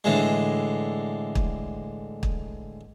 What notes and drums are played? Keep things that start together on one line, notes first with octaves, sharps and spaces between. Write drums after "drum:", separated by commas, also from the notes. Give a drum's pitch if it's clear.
A2 D3 E3 G#3
drum: kick
drum: kick